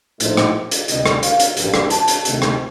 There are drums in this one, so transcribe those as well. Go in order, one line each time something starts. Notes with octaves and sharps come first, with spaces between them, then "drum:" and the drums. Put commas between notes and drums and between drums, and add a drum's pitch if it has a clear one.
A#1 A2 F3 A3 D#4 C5, drum: hi-hat
drum: rim click
drum: hi-hat
D2 C3 G3 D4 D#5, drum: hi-hat
drum: rim click
F5, drum: hi-hat
drum: hi-hat
A1 G2 F3, drum: hi-hat
drum: rim click
A5, drum: hi-hat
drum: hi-hat
D2 C3 D#3 A3, drum: hi-hat
drum: rim click